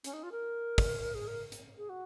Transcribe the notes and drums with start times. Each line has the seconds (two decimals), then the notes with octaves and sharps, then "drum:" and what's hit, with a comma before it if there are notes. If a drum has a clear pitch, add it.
0.04 C#4, drum: hi-hat
0.13 D#4
0.23 F4
0.32 A#4
0.78 drum: kick, open hi-hat
1.15 G#4
1.28 A#4
1.52 drum: hi-hat
1.77 G#4
1.89 F#4